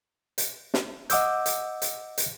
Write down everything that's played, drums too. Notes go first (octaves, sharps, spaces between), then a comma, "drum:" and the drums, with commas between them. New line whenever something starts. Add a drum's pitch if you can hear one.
drum: hi-hat
drum: snare
D#5 F#5 D6 E6 G6, drum: hi-hat
drum: hi-hat
drum: hi-hat
drum: hi-hat